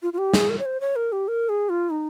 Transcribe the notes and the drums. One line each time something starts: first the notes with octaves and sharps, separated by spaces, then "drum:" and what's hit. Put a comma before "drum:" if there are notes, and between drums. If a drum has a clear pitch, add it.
F4
F4
G4
G#4, drum: snare
A#4
C#5
C5
C#5
A#4
G4
A#4
G#4
F4
D#4